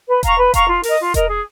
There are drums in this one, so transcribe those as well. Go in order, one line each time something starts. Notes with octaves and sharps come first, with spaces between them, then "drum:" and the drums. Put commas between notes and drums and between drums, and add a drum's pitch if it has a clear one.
B4
F5 A#5 C#6, drum: kick E1, hi-hat
B4
F5 A#5 C#6, drum: kick E1, hi-hat
F4
A#4 D#5, drum: open hi-hat
F4
A#4 D#5, drum: kick E1, hi-hat
G#4